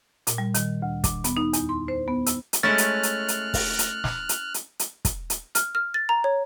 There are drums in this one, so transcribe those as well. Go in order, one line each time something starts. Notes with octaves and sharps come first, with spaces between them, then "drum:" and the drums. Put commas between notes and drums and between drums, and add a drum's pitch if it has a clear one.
A#2, drum: hi-hat
G3
D#3, drum: hi-hat
D2
D6, drum: kick, hi-hat
B3, drum: hi-hat
D#4
E2, drum: hi-hat
C6
C5
B3
E6, drum: hi-hat
drum: hi-hat
G#3 A3 C#4 E4 F6 F#6 A6
drum: hi-hat
drum: hi-hat
drum: hi-hat
drum: kick, open hi-hat
drum: hi-hat
drum: snare
drum: hi-hat
drum: hi-hat
drum: hi-hat
drum: kick, hi-hat
drum: hi-hat
F6, drum: hi-hat
F6
A6
A#5
C#5